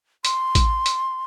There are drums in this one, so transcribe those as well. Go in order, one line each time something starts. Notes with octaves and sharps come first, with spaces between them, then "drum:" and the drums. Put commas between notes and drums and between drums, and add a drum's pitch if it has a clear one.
C6, drum: hi-hat
drum: kick, hi-hat
drum: hi-hat